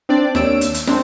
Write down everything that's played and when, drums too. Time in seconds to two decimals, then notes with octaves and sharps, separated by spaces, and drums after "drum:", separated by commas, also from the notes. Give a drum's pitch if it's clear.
0.09 C4 D4 D5
0.35 D#2 C#5 E6 D7, drum: snare
0.61 drum: hi-hat
0.74 drum: hi-hat
0.87 C4 D4 C5, drum: snare